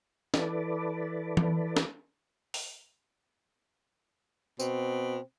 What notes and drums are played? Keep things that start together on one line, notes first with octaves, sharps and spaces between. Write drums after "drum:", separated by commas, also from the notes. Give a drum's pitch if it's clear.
E3 A4 B4 D5, drum: snare
drum: tom E3
drum: snare
drum: open hi-hat
B2 C4, drum: tambourine